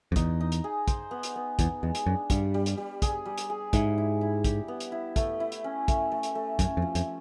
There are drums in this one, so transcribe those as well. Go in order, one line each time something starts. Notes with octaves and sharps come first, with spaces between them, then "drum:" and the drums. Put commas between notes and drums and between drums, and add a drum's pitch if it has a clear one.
F2
E2 D#4, drum: kick, hi-hat
D#4
drum: hi-hat
G#4
C5, drum: kick, hi-hat
B3
drum: hi-hat
B3
E2 B3, drum: kick, hi-hat
E2 G#3
drum: hi-hat
F#2 D4
G2 G3, drum: kick, hi-hat
G3
drum: hi-hat
G3
G#4, drum: kick, hi-hat
G3
drum: hi-hat
G#4
G#2 E4, drum: kick, hi-hat
E4
E4
G4, drum: kick, hi-hat
B3
drum: hi-hat
E4
A3, drum: kick, hi-hat
E4
drum: hi-hat
C#4
A3, drum: kick, hi-hat
A3
drum: hi-hat
A3
F#2 C#4, drum: kick, hi-hat
F2
F3
F2, drum: hi-hat